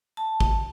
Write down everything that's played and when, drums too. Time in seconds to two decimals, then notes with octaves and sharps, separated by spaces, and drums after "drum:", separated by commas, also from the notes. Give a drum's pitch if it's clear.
0.17 A5
0.40 drum: kick